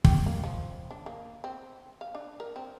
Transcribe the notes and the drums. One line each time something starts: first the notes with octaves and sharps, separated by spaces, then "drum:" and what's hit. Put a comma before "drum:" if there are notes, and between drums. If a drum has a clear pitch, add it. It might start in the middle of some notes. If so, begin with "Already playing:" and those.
G4, drum: kick
A#3
F3
D4
A#3
C4
F5
D4
A#4
C4